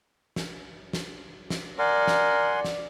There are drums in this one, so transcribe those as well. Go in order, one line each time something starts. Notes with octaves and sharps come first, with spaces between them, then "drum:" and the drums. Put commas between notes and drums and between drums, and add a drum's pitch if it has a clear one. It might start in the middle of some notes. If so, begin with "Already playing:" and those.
drum: snare
drum: snare
drum: snare
A#4 D5 F#5 G#5 C6
drum: snare
drum: snare